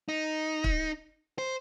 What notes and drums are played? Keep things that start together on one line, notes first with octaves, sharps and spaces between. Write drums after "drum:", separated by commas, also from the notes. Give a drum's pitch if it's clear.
D#4
drum: kick
C5